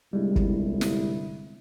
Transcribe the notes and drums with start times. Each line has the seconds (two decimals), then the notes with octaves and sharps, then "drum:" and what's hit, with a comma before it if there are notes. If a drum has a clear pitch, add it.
0.13 G1 C2 G3 G#3 E4
0.36 drum: kick
0.81 drum: snare